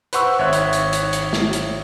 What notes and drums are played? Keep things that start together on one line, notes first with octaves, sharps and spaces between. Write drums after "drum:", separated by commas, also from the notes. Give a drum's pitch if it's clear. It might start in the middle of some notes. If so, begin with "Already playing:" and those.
B4 C5 F#5 C#6 E6, drum: hi-hat
G#1 C#5 E5 F#6
drum: hi-hat
drum: hi-hat
drum: hi-hat
drum: hi-hat
drum: snare
drum: hi-hat